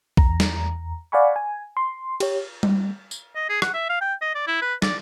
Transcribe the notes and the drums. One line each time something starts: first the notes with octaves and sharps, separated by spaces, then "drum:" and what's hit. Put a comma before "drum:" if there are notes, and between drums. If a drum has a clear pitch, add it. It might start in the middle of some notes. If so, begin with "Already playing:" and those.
E2 A#5, drum: kick B1
drum: snare
D5 F5 F#5 G#5 B5 C#6
G#5
C6
G4 C#5, drum: cymbal
drum: tom G3
drum: tambourine
D#5
G#4
F#5, drum: rim click
E5
F5
G5
D#5
D5
E4
B4
D5, drum: snare